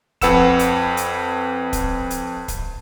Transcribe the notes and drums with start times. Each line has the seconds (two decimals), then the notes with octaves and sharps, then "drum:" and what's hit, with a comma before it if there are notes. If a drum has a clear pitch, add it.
0.21 F2 B4 F#5 E6 E7, drum: kick, hi-hat
0.59 drum: hi-hat
0.97 drum: hi-hat
1.73 drum: kick, hi-hat
2.10 drum: hi-hat
2.48 drum: kick, hi-hat